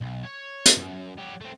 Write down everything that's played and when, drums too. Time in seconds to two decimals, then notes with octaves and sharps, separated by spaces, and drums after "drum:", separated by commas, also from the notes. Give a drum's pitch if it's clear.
0.01 B1
0.24 C#5
0.66 drum: hi-hat
0.78 F#2
1.19 F#3 G4
1.41 A3 C4